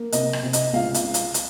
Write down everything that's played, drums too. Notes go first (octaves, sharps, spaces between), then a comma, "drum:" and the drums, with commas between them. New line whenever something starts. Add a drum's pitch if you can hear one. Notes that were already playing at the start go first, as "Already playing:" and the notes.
Already playing: A#3
C3 D#5, drum: hi-hat
drum: rim click
C3
D#5, drum: hi-hat
C#2 F5
F5, drum: hi-hat
drum: hi-hat
drum: hi-hat